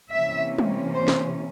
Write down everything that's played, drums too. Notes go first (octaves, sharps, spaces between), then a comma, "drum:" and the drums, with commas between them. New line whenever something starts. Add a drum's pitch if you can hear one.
C3 E3 A#3 C#4 E5
drum: tom G3
C5
drum: snare